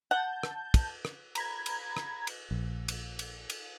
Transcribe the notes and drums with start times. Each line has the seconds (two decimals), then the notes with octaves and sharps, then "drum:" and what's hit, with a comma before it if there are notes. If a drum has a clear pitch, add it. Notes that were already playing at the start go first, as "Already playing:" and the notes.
0.11 F#5 A5 G6
0.43 drum: rim click
0.74 drum: kick, cymbal
1.05 drum: rim click
1.35 A#5 B5 G#6, drum: cymbal
1.66 drum: cymbal
1.97 drum: rim click
2.27 drum: cymbal
2.51 A#1
2.88 drum: cymbal
3.19 drum: cymbal
3.50 drum: cymbal